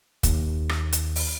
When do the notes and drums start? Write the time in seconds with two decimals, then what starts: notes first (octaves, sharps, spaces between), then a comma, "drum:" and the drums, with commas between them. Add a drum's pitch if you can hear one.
0.23 D#2, drum: kick, hi-hat
0.69 drum: rim click
0.92 drum: hi-hat
1.16 drum: open hi-hat